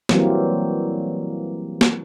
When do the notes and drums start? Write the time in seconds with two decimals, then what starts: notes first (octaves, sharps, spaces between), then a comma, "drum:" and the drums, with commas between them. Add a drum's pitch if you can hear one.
0.09 E3 F#3 G3 A#3 C4, drum: snare
1.81 drum: snare